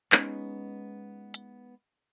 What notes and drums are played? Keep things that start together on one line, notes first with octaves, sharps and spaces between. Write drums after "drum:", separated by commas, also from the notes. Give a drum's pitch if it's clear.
G#3 B3 C#4 D#4, drum: clap
drum: hi-hat